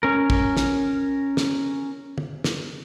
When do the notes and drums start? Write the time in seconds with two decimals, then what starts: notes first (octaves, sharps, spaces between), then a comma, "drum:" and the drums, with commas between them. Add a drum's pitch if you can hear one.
0.03 C#4 A#4
0.30 drum: kick
0.57 drum: snare
1.37 drum: snare
2.18 drum: tom
2.44 drum: snare